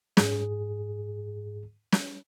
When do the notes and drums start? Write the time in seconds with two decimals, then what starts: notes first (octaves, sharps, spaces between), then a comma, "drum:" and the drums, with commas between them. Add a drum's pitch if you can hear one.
0.17 G#2 G#4, drum: snare
1.92 drum: snare